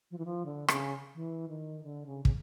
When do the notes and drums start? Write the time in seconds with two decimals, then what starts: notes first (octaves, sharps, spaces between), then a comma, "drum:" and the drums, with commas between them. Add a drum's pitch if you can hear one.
0.11 F3
0.18 E3
0.25 F3
0.46 D3
0.68 C#3, drum: rim click
1.15 E3
1.49 D#3
1.83 D3
2.06 C#3
2.25 C#3, drum: kick